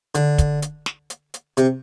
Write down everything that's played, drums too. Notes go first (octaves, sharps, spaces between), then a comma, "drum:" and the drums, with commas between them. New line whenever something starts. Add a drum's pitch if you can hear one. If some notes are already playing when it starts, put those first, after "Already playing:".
D3, drum: hi-hat
drum: kick, hi-hat
drum: hi-hat
drum: snare
drum: hi-hat
drum: hi-hat
C3, drum: hi-hat